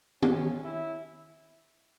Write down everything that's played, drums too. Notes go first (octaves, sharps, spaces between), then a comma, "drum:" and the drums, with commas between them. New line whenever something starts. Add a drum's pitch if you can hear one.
C#4, drum: tom D#3
E4